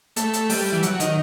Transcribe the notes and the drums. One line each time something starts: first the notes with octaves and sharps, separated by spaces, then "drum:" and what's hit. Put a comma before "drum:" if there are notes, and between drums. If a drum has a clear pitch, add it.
A3, drum: hi-hat
drum: hi-hat
G3, drum: open hi-hat
E3
F#3, drum: hi-hat
D#3, drum: hi-hat